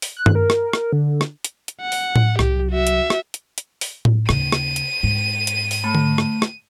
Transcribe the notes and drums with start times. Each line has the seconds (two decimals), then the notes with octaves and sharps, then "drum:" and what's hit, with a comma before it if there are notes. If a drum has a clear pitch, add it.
0.02 drum: open hi-hat
0.17 F#6
0.26 drum: tom G2
0.35 A#4
0.50 drum: rim click
0.73 drum: rim click
0.93 D3
1.21 drum: rim click
1.44 drum: hi-hat
1.68 drum: hi-hat
1.82 F#5
1.92 drum: open hi-hat
2.16 drum: tom A2
2.39 C2 F#3 G4, drum: rim click
2.71 F#4 E5
2.87 drum: hi-hat
3.10 drum: rim click
3.34 drum: hi-hat
3.58 drum: hi-hat
3.81 drum: open hi-hat
4.05 drum: tom A2
4.29 D#2 C#3 D#7, drum: rim click
4.52 drum: rim click
4.76 drum: hi-hat
5.03 G#2
5.47 drum: hi-hat
5.71 drum: open hi-hat
5.84 A3 B5
5.95 drum: tom D3
6.18 drum: rim click
6.42 drum: rim click